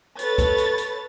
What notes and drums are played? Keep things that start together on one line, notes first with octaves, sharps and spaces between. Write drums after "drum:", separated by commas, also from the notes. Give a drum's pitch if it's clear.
A4 B4 C#5 A6, drum: hi-hat
drum: kick, hi-hat
drum: hi-hat
drum: hi-hat